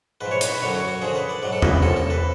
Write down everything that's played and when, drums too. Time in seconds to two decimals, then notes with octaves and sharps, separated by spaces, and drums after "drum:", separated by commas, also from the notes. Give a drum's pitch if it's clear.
0.21 G#2 F3 B4
0.31 C#5
0.41 B4, drum: hi-hat
0.52 B4
0.62 F#2 D3 F#3 C#5
0.75 F#4
0.88 F#4
1.02 F#2 D3 F3 G#4
1.15 B4
1.29 D5
1.42 G#2 F#3 D5
1.52 A4
1.62 B4, drum: tom E2
1.82 F#2 F3 A4
1.96 A4
2.10 B4